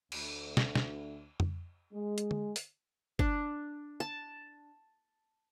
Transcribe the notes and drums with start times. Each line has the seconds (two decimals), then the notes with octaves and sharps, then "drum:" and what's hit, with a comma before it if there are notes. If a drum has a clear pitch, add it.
0.12 D2, drum: cymbal
0.57 drum: snare
0.76 drum: snare
1.40 drum: tom F2
1.94 G#3
2.18 drum: hi-hat
2.31 drum: tom D3
2.56 drum: open hi-hat
3.19 D4, drum: kick
4.00 A5